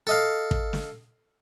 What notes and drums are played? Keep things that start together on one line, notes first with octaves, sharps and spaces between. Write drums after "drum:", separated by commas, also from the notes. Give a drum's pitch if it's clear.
A4 D#5 F5
drum: kick
drum: snare